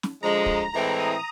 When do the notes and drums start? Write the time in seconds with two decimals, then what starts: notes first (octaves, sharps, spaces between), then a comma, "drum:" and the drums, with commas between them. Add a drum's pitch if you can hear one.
0.03 drum: snare
0.22 D3 F3 G#3 A#5
0.46 drum: kick
0.73 A2 E3 G#3 C4 E4 A#5
0.99 D#6